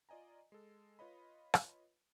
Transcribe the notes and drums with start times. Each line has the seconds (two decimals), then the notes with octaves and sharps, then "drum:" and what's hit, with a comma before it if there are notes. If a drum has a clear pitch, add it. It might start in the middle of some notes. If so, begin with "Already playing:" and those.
0.09 F4 D5 D#5 G#5 A#5
0.52 G#3 A4
0.99 F4 B4 C#5 D#5 B5
1.54 drum: rim click